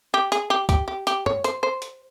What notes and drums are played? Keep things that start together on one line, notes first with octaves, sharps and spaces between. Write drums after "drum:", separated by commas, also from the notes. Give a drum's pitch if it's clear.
G4
G#4, drum: hi-hat
G4
G4, drum: kick, hi-hat
G4
G4, drum: hi-hat
C#5, drum: tom
C5, drum: hi-hat
C5
drum: hi-hat